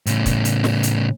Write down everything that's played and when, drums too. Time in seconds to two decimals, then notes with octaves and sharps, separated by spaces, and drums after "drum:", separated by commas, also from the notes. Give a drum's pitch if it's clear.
0.06 A2 C#3, drum: hi-hat
0.26 drum: kick, hi-hat
0.45 drum: hi-hat
0.64 drum: snare
0.83 drum: hi-hat